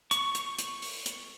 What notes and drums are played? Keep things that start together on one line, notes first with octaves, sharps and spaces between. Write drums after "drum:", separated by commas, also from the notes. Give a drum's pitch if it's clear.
C#6, drum: hi-hat
drum: hi-hat
drum: hi-hat
drum: open hi-hat
drum: hi-hat